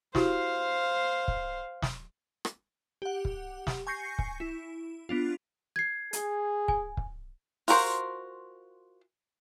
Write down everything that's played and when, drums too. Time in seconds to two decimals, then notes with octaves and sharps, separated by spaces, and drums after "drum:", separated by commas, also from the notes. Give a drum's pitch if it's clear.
0.15 E4 F#4 G4 C5 F5, drum: snare
1.28 drum: kick
1.82 drum: snare
2.45 drum: rim click
3.02 G4 F#5
3.25 drum: kick
3.67 drum: snare
3.87 G#5 C#6 G6 A#6 C7 C#7
4.19 drum: kick
4.40 E4
5.09 B3 D4 F4
5.76 G#6 C7
6.13 G#4, drum: hi-hat
6.68 G#5, drum: kick
6.97 drum: kick
7.68 F4 F#4 A#4 C5, drum: open hi-hat